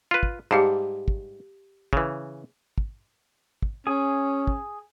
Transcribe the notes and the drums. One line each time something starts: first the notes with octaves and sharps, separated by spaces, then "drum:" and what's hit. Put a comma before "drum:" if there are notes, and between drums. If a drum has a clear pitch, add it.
F4 B4
drum: kick
G#2 G3 G4 F5 A5
drum: kick
C#3 E3, drum: kick
drum: kick
drum: kick
C#4 G#4 G#5
drum: kick